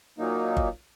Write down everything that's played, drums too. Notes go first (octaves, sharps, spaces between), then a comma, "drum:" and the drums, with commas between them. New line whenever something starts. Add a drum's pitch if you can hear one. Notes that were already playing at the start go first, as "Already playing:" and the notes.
A#2 F#3 A#3 D#4
drum: kick G1